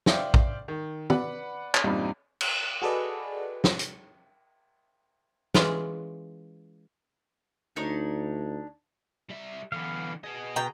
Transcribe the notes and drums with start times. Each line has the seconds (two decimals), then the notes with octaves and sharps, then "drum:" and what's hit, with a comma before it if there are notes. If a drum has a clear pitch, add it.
0.06 C5 D5 E5 F5 G5, drum: snare
0.34 drum: kick A#1
0.68 D#3
1.10 B4 D5 F#5 B5, drum: tom
1.75 drum: clap
1.84 E2 G2 A#2 G3 C4 D#4
2.41 drum: cymbal
2.82 F#4 G#4 A4 B4 D5 D#5
3.64 drum: snare
3.79 drum: hi-hat
5.54 E3 G#3 C#4 F4, drum: snare
7.76 D2 D4 D#4 C#5
9.29 G3 E5
9.72 D3 E3 B3 F5
10.24 B3 G#4 D#5
10.56 B2 G5 A#5